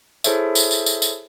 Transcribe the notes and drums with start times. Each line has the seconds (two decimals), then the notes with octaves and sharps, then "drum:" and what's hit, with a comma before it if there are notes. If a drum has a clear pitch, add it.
0.24 E4 G#4 A4 C5 C#5 E5, drum: tambourine
0.55 drum: tambourine
0.71 drum: tambourine
0.86 drum: tambourine
1.02 drum: tambourine